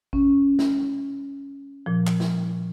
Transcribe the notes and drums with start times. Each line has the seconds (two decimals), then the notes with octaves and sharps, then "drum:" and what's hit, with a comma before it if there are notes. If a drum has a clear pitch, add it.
0.13 C#4, drum: kick G#1
0.59 drum: snare
1.86 A#2 F3
2.07 drum: clap
2.20 drum: snare